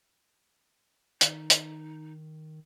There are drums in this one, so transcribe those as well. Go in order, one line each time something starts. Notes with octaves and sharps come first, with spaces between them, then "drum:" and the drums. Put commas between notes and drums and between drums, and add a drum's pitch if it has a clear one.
D#3 D#4, drum: hi-hat
drum: hi-hat